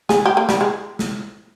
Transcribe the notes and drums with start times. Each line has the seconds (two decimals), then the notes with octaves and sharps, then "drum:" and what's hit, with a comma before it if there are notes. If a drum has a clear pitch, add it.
0.09 G#4, drum: snare
0.26 G4
0.37 A#3
0.49 G3, drum: snare
0.61 G#3
0.99 drum: snare